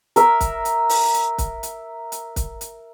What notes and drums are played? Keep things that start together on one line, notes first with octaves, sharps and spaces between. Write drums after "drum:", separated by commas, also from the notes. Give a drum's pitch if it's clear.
A#4 E5, drum: hi-hat
drum: kick, hi-hat
drum: hi-hat
drum: open hi-hat
drum: hi-hat
drum: kick, hi-hat
drum: hi-hat
drum: hi-hat
drum: kick, hi-hat
drum: hi-hat